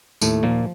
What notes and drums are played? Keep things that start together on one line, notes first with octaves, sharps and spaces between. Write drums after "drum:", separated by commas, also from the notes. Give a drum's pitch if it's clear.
D#2 A2 A3, drum: tambourine
A#2 F3 A#3